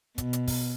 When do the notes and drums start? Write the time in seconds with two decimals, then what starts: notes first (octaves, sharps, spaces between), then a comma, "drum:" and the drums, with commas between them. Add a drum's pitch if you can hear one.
0.18 B2, drum: kick, hi-hat
0.33 drum: hi-hat
0.47 drum: kick, open hi-hat